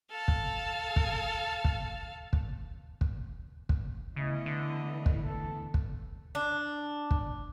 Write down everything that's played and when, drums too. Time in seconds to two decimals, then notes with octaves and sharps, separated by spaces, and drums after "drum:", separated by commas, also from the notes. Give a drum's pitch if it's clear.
0.11 A4 F5
0.28 drum: kick
0.96 drum: kick
1.65 drum: kick
2.33 drum: kick
3.01 drum: kick
3.69 drum: kick
4.16 C#3 E3 A3 B3 E4 D#5
4.46 D3
5.06 drum: kick
5.23 A4
5.74 drum: kick
6.35 D4
7.11 drum: kick